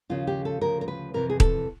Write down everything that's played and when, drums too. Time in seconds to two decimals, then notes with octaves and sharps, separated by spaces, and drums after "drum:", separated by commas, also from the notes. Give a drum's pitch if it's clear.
0.09 D#2 C#3 F3 F4
0.27 G4
0.45 A4
0.61 D2 C#3 F3 A#4
0.81 A#4
0.88 B4
1.14 F2 C3 E3 A#4
1.30 G#4
1.40 A4, drum: kick D#1